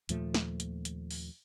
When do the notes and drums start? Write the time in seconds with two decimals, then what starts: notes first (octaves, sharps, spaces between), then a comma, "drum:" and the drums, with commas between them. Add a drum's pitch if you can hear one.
0.09 D#2 A#2 F3 A3, drum: hi-hat
0.34 drum: snare
0.60 drum: hi-hat
0.85 drum: hi-hat
1.11 drum: open hi-hat